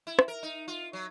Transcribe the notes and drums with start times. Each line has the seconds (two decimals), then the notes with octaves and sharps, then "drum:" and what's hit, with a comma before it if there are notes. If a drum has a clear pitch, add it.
0.07 E4
0.19 drum: rim click
0.28 A#4
0.43 D#4
0.68 F4
0.93 F#3